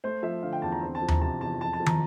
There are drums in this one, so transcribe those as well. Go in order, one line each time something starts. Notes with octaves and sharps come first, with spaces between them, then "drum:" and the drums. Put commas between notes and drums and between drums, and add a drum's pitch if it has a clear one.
A3 C5
F3 E5
D3 F5
G5
E2 A5
A#5
C4
A5
F3
A#5, drum: tom D#2
C3 A5
E2 A5
F2 A5
A5
F3
A#5, drum: tom